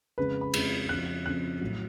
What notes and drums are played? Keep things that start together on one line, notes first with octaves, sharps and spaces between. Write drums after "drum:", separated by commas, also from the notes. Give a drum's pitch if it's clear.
F2 C#3 G#3 B4
B5
F2 C#3 G#3, drum: cymbal
F2 C#3 F3 F#6
F2 C#3 F3 F#6
A2 F#3